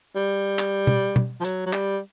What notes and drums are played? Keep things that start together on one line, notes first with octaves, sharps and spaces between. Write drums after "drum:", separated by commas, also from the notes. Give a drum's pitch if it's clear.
G3
drum: clap
drum: tom B2
drum: tom B2
F3
F#3, drum: hi-hat
F#3
G3, drum: clap